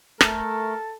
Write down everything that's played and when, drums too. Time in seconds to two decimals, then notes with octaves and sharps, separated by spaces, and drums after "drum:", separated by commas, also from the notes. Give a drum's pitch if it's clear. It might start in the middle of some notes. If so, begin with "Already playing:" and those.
0.21 A3 A4 A#4, drum: rim click